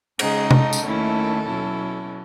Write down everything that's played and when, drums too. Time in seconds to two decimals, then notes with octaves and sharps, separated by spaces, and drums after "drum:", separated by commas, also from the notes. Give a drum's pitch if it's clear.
0.19 C#3 G#3 D#4 G#4, drum: cymbal
0.51 A4, drum: tom C3
0.73 drum: tambourine
0.82 D#2 D#3 A3 C#4 E4
1.46 B2 F#3 C#4 E4